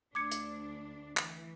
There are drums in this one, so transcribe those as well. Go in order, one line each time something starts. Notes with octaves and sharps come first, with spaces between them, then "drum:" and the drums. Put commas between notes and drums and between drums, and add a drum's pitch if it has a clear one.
D2 D4 D6 G#6 C#7
drum: hi-hat
E3, drum: clap